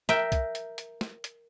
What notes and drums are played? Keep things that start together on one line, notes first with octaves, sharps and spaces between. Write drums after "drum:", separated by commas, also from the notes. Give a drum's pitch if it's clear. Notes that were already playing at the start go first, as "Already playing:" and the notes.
A#4 E5 G5, drum: snare
drum: kick C2, hi-hat
drum: hi-hat
drum: hi-hat
drum: snare
drum: hi-hat